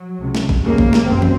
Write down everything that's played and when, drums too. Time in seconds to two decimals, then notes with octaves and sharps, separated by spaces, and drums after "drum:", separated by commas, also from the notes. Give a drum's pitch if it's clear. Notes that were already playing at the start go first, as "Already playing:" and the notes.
Already playing: F#3
0.20 C#2 C3
0.35 drum: snare
0.49 drum: kick A1
0.64 F1 D#2 C#3 A#3
0.78 drum: kick A1
0.93 drum: snare
1.08 F#1 C4
1.22 drum: tom